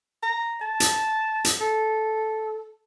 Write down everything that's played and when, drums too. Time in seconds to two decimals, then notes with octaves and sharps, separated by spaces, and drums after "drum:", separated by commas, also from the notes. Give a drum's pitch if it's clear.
0.23 A#5
0.61 A5
0.80 drum: hi-hat
1.45 drum: hi-hat
1.61 A4